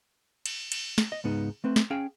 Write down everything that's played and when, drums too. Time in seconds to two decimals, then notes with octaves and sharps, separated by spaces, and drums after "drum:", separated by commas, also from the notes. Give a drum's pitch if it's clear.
0.46 drum: cymbal
0.72 drum: cymbal
0.98 drum: snare
1.12 D#5
1.24 C#2 G#2 B3 D#4
1.64 A3 C4 B4
1.76 drum: snare
1.90 C#4 G#4 F5 G5